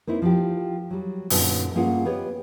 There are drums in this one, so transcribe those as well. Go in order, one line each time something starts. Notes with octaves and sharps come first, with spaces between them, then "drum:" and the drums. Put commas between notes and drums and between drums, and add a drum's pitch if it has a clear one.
A#3 C4 D#4 E4
F3 G4
F#3 G3
F#2 A#2 D3 B3 D#4 F#4, drum: open hi-hat
G2 A#3 C#4 F4 G#4 F#5
B3 G4 C#5 D#5